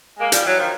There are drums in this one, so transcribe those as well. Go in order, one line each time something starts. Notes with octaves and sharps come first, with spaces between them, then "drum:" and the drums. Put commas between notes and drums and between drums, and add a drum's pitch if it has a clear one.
G#3 A#3
F3 G3, drum: hi-hat
E3 F#3
D#3 F3